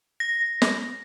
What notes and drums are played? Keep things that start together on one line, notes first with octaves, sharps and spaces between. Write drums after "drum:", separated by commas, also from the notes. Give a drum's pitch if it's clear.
A#6
drum: snare